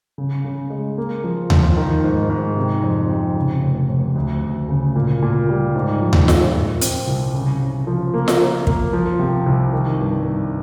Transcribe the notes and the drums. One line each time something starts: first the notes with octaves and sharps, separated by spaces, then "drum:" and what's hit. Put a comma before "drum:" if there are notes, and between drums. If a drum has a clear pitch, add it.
C#3
C#3
G#3
A#3
F3
F3, drum: tom D#2
D#3
G#2
G#2
C3
F2
C3
C#3
F1
F1
D2
D2
C#3
A#2
A#2
G3
G#2
F3
drum: tom D#2
G#3, drum: snare F4
A#2
C4, drum: hi-hat
C2
C#3
C#3
F3
A#3
drum: snare F4
A#3
A#3, drum: kick
F3
C3
C2
D#3
G2
G2